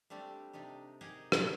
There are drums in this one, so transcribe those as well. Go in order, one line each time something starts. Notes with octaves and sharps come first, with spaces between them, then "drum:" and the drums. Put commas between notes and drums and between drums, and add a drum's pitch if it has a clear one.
G3 A3 C4 D4 G4
C3 D4 D#4 G4
D#4 G4 G#4 A#4 D#5 F#5
D4 E4 F#4 G#4 A#4 B4, drum: rim click